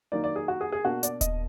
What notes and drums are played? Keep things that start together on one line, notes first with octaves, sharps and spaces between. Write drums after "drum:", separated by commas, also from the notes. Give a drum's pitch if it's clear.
D#3 F#3 A#3 D#4 D5
D5
G#4
F#4
G#4
G#4
B2 A#3 D4 F#4
D5, drum: hi-hat
D#5, drum: kick D#1, hi-hat